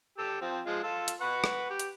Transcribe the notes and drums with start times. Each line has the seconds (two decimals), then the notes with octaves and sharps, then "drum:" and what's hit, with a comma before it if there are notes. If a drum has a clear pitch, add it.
0.18 G4 A4 E6
0.41 F3 C4
0.66 F3 G#3 F4
0.84 F4 A4 E6
1.08 drum: hi-hat
1.21 B4 F#5 C#6
1.44 drum: rim click
1.70 G4
1.79 drum: hi-hat